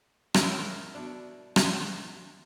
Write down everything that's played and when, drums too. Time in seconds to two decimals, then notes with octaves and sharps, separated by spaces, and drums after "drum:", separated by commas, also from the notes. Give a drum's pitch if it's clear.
0.34 C#4 E4 A#4 D#5, drum: rim click
0.95 B2 D4
1.56 drum: rim click